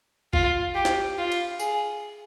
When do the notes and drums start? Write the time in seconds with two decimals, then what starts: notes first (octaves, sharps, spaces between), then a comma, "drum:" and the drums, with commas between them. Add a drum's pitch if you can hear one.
0.33 F4, drum: kick G#1
0.75 G4
0.85 drum: snare
1.18 F4
1.32 drum: cymbal
1.59 G#4, drum: tambourine